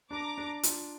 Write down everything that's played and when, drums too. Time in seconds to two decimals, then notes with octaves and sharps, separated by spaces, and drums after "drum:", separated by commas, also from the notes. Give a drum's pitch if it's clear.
0.11 D4 A#5 D6
0.38 D4
0.63 F4, drum: hi-hat